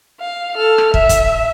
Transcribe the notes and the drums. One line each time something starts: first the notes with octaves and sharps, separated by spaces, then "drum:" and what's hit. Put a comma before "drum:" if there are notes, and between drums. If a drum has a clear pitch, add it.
F5
A4 F6
drum: rim click
E5, drum: kick
drum: kick, hi-hat